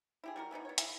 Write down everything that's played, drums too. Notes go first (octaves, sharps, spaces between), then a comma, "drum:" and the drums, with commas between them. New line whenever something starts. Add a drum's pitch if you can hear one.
E4 G4 G#4
G3 F#4 A#4
E3 B3 D4 D#4
B3 C#5
E4, drum: hi-hat